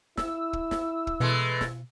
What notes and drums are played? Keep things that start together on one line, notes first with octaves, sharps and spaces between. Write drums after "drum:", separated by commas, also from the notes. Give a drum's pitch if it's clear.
E4 E6, drum: snare
drum: kick
drum: snare
drum: kick
B2 E3 G#3 A3
drum: snare